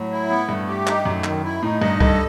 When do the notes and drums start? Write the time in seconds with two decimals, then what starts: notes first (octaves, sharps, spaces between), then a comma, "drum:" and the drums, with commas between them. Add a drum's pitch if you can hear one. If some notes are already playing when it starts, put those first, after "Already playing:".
Already playing: A2 F#3
0.12 E4
0.29 B3
0.49 G2 A3
0.67 G4
0.87 D#4, drum: clap
1.05 F#2 A3
1.24 D#3, drum: clap
1.44 E4
1.62 A2 D#4
1.81 G2 D#5
2.00 G2 A4, drum: kick C2